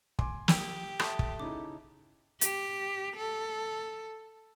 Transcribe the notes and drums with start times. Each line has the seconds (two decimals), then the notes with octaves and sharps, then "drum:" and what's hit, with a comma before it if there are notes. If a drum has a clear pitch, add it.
0.19 G#5 C6 D6, drum: kick
0.48 G4 D#6 E6, drum: snare
0.99 A4 E5 A5 D#6, drum: rim click
1.19 drum: kick
1.40 C#3 D#4 E4 D6
2.41 G4, drum: hi-hat
3.16 A4